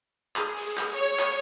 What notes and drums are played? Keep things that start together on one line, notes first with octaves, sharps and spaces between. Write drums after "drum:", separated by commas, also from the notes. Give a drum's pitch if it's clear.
G#4, drum: clap
drum: open hi-hat
drum: clap
C#5
drum: clap